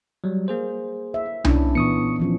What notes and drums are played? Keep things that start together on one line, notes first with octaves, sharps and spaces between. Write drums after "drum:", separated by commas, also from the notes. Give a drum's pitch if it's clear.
F#3 G3
A#3 G#4 C5
E5
A#3 C#4 D4 E4, drum: tom C2
A#2 E3 B3 C#6 D#6 C#7
E3 F3 C#4